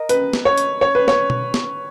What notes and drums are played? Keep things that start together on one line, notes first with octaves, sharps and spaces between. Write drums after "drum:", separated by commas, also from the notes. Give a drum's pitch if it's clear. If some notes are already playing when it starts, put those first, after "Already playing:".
Already playing: A#4 D#5
B4, drum: hi-hat
drum: snare
C#5
drum: hi-hat
C#5
B4
C#5, drum: snare
drum: tom B2
drum: snare